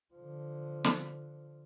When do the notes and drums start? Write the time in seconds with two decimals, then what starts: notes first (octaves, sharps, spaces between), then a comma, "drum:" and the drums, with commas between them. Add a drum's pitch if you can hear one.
0.14 D3 F3
0.84 drum: snare